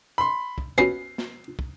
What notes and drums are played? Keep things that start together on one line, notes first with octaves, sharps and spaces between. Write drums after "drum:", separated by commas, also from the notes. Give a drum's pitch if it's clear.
B5 C6
drum: kick
B3 C#4 F#4 C7
drum: snare
drum: kick